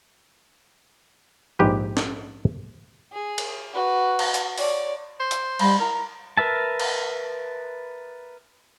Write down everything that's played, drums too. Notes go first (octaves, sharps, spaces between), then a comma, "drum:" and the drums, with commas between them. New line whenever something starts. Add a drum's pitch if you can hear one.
A#1 G#2 G4 B4
drum: snare
G#4
drum: cymbal
F#4 B4
drum: cymbal
drum: hi-hat
C#5 D5, drum: open hi-hat
C5
drum: hi-hat
G3 B5, drum: cymbal
E4 A#4 A#5
A#4 B4 E5 A5
drum: cymbal